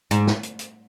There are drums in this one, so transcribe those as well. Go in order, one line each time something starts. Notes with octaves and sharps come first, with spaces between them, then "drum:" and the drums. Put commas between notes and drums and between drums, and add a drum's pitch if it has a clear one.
G#2, drum: hi-hat
drum: snare
drum: hi-hat
drum: hi-hat